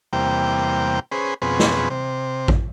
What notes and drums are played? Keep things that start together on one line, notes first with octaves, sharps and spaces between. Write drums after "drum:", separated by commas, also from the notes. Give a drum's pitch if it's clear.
E2 C3 G3 A#3 G5
C#4 G#4 B4 C5
F2 B2 C4 C#4 G#4 B4
drum: snare
C3
drum: kick A1